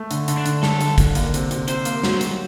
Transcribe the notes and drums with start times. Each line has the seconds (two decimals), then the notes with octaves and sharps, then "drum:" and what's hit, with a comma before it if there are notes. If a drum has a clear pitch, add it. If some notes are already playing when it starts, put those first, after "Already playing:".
Already playing: A3
0.11 D3, drum: hi-hat
0.28 D3, drum: hi-hat
0.37 D4
0.46 D3, drum: hi-hat
0.63 D3 A4, drum: snare
0.81 D3, drum: hi-hat
0.98 D3, drum: kick, hi-hat
1.15 A#3, drum: hi-hat
1.34 C3, drum: hi-hat
1.51 C3, drum: hi-hat
1.68 C3 C5, drum: hi-hat
1.85 A#3, drum: hi-hat
2.03 F#3, drum: snare
2.21 F#3, drum: hi-hat